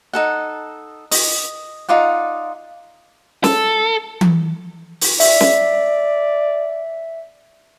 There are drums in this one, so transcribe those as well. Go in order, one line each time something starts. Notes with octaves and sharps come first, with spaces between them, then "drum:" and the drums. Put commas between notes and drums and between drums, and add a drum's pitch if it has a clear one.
D#4 A4 F#5
D#5, drum: open hi-hat
D#4 F4 D5 F#5
A4, drum: snare
drum: tom E3
drum: open hi-hat
D5 E5, drum: open hi-hat
drum: snare